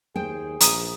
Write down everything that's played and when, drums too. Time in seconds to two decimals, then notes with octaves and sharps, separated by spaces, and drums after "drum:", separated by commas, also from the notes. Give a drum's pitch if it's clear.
0.16 D#2 G#4 C5 G5
0.60 A#1 A#5 D#6 D#7, drum: hi-hat